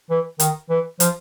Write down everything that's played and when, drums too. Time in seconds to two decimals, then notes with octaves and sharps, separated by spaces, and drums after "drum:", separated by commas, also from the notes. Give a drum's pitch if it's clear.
0.11 E3
0.40 D#3, drum: hi-hat
0.70 E3
1.00 F3, drum: hi-hat